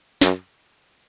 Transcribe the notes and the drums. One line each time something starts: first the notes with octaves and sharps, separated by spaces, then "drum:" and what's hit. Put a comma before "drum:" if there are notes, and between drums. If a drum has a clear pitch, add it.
F#2, drum: snare